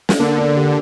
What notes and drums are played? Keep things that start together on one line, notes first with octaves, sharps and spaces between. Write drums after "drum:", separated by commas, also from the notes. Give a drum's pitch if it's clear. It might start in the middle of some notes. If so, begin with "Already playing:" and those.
drum: snare
D3 A#3
D4
G4